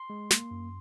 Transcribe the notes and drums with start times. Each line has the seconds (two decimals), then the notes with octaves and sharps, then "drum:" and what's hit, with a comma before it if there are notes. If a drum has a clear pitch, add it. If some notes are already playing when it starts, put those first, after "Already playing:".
Already playing: C6
0.10 G#3
0.31 A#3, drum: snare
0.51 F#2